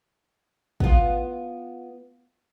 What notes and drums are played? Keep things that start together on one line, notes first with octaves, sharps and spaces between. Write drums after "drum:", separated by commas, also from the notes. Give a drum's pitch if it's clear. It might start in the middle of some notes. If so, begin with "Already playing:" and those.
B3 F4, drum: kick